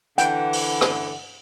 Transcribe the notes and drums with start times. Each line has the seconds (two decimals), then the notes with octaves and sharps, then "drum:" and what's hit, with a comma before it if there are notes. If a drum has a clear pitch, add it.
0.18 D3 E3 F#5 G5, drum: hi-hat
0.53 drum: open hi-hat
0.81 drum: rim click